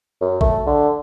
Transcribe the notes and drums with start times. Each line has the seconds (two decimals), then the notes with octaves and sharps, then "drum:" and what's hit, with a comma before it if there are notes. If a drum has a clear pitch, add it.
0.21 F#2
0.41 A3, drum: kick A1
0.67 D3